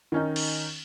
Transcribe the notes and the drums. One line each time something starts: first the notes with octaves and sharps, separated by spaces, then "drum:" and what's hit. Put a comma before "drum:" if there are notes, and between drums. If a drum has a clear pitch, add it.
D#3 C#4 D#4
drum: cymbal